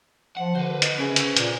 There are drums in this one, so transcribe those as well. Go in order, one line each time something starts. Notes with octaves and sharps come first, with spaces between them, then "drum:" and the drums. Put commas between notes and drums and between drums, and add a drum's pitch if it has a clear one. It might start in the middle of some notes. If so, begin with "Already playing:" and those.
F3 F#5
D3 F#4 B4 C5
D#5, drum: hi-hat
C#3 C#4 G#4 E5
drum: hi-hat
A#2, drum: hi-hat